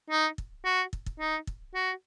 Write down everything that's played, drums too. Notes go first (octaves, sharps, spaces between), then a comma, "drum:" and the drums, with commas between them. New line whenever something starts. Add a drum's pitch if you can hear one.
D#4
drum: kick
F#4
drum: kick
drum: kick
D#4
drum: kick
F#4